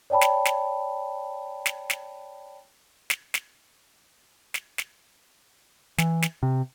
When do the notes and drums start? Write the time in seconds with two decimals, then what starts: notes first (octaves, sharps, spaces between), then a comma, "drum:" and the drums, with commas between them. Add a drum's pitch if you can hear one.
0.10 C#5 D5 G5 A5 B5
0.21 drum: snare
0.45 drum: snare
1.66 drum: snare
1.90 drum: snare
3.10 drum: snare
3.34 drum: snare
4.54 drum: snare
4.78 drum: snare
5.98 E3, drum: snare
6.22 drum: snare
6.43 C3